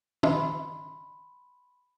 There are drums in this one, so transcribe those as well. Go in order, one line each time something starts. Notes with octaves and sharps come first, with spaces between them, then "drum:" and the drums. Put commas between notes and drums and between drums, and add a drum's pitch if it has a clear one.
B5 C6, drum: tom